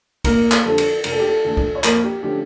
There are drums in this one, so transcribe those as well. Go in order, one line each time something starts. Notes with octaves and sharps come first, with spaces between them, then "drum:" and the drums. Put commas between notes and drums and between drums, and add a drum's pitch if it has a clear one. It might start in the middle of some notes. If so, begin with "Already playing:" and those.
F1 A#3 A#4, drum: kick C2, cymbal
drum: clap
F2 D3 G3 A4
drum: cymbal
F1 A#4, drum: cymbal
A4
G4
A4
E2 D3 A3 D4
drum: kick C2
C#5
F2 A#3 A#4, drum: clap
G4
D3 F3 A3 C#4 G4